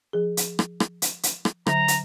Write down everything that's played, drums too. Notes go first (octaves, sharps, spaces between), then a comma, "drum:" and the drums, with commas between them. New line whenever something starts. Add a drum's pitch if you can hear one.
F3 G#4
drum: hi-hat
drum: rim click
drum: rim click
drum: hi-hat
drum: hi-hat
drum: rim click
D3 F#3 A#5, drum: rim click
drum: hi-hat